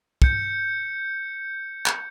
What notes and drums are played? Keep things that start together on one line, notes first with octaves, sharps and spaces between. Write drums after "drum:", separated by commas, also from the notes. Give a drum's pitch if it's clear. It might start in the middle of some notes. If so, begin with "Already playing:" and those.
G6 C#7, drum: kick
drum: clap